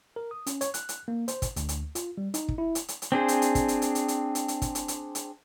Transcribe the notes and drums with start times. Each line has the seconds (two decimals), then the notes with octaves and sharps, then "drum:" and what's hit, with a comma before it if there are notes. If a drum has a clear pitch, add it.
0.16 A#4
0.31 D#6
0.47 C#4, drum: hi-hat
0.61 C#5, drum: hi-hat
0.74 F#6, drum: hi-hat
0.89 drum: hi-hat
1.08 A#3
1.28 C5, drum: hi-hat
1.42 drum: kick, hi-hat
1.56 D2, drum: hi-hat
1.69 drum: hi-hat
1.95 F4, drum: hi-hat
2.18 G3
2.34 D#4, drum: hi-hat
2.48 drum: kick
2.58 E4
2.75 drum: hi-hat
2.88 drum: hi-hat
3.02 drum: hi-hat
3.12 C4 D4 G#4 C5
3.28 drum: hi-hat
3.42 drum: hi-hat
3.55 drum: kick, hi-hat
3.68 drum: hi-hat
3.82 drum: hi-hat
3.95 drum: hi-hat
4.08 drum: hi-hat
4.35 drum: hi-hat
4.48 drum: hi-hat
4.62 drum: kick, hi-hat
4.75 drum: hi-hat
4.88 drum: hi-hat
5.15 drum: hi-hat